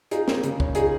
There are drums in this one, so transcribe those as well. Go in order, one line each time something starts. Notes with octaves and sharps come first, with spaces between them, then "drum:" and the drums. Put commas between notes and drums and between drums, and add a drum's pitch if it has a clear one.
D#4 F4 G#4, drum: hi-hat
A#3, drum: snare
C#3, drum: hi-hat
C#4, drum: kick
D#4 F4 G#4, drum: hi-hat